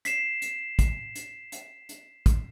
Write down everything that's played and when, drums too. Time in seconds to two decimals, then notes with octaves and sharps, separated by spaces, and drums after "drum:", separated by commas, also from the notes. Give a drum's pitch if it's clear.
0.05 B6 C7 E7, drum: hi-hat
0.42 drum: hi-hat
0.79 drum: kick, hi-hat
1.15 drum: hi-hat
1.52 drum: hi-hat
1.89 drum: hi-hat
2.26 drum: kick, hi-hat